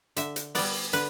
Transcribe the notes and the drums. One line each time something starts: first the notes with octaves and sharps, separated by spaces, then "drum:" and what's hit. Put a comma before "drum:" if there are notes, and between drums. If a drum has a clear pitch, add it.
D3 E5, drum: hi-hat
drum: hi-hat
G3 B3 D5, drum: open hi-hat
D3 B4, drum: hi-hat